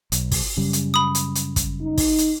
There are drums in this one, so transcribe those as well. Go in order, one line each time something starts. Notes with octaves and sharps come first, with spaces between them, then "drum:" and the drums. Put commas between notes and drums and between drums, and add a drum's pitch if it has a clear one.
B1, drum: hi-hat
drum: kick, open hi-hat
F#2 C#3 G3
drum: hi-hat
B5 D#6
drum: hi-hat
drum: hi-hat
drum: kick, hi-hat
D#4
drum: kick, open hi-hat
drum: hi-hat